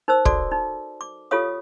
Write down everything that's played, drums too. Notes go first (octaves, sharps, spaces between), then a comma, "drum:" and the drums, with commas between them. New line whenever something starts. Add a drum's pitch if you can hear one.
D#4 A#4 C5 E6
F#4 A4 D5 D6, drum: kick
D#4
D6
F4 G4 A4 C#5 F5 D#6